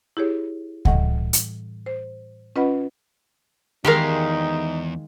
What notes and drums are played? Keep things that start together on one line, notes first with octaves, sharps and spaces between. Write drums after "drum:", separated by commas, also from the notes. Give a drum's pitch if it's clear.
E4 G4 G#4 C#5
A2 E3 G3 D#5 F#5, drum: kick C#2
drum: hi-hat
C5
C#4 F4 B4 D#5 F#5 B5
E2 D#3 G#3 D#4 G4 A#4 F5